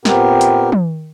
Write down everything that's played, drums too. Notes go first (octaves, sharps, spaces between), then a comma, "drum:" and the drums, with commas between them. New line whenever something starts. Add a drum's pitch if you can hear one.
A#2 B3 C4 G4 A#4, drum: snare
drum: hi-hat
drum: tom